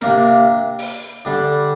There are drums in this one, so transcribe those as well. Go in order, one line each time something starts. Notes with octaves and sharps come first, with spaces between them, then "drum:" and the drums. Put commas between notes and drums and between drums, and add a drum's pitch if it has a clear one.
C3 A#3 D4 A#4, drum: snare
drum: open hi-hat
D3 G3 D4